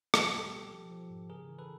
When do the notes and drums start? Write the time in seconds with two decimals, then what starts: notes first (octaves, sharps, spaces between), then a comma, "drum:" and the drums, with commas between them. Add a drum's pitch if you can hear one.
0.14 G3 G4 A4, drum: rim click
0.33 B2
0.53 B2
0.72 F3
0.91 F3
1.10 G#2
1.29 C#3 G#4 A#4
1.49 E3
1.59 A4 B4